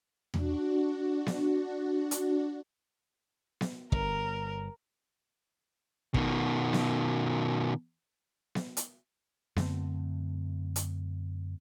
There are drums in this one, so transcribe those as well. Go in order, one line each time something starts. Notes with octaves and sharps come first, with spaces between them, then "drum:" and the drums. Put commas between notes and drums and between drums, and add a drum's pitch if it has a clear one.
D4 F#4, drum: tom E2
drum: snare B3
drum: hi-hat
drum: snare B3
G1 A#4, drum: kick
B2 D#3, drum: kick
drum: snare B3
drum: snare B3
drum: hi-hat
F#2 D3 A3 C4, drum: snare B3
drum: hi-hat